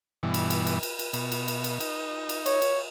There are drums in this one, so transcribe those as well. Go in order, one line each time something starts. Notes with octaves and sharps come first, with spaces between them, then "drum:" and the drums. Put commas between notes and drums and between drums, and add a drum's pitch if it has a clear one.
G2 B2 E3
drum: cymbal
drum: cymbal
drum: cymbal
drum: cymbal
drum: cymbal
B2, drum: cymbal
drum: cymbal
drum: cymbal
drum: cymbal
D#4, drum: cymbal
drum: cymbal
C#5, drum: cymbal
drum: cymbal